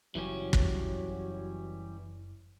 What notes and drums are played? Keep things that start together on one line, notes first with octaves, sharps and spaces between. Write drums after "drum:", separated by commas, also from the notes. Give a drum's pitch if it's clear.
F#1 E3 F#3 G3 C#4
drum: kick